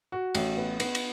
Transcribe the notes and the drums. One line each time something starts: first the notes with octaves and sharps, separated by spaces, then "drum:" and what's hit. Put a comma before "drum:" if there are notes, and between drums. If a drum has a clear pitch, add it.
F#4
A1, drum: cymbal
B3
B3, drum: cymbal
drum: cymbal